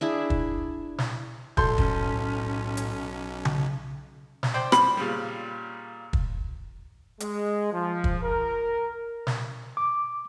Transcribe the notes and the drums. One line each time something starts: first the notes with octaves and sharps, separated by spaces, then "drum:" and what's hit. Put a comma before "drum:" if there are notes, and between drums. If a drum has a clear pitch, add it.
D4 E4 G#4
drum: kick
drum: snare
B1 A2 A4 C6 G6, drum: kick
C#4, drum: kick
drum: hi-hat
drum: tom C#3
drum: snare
C5 D5 G5
B5, drum: rim click
A#2 C#3 G3
drum: kick
G#3, drum: hi-hat
F3
drum: kick
A#4
drum: snare
D6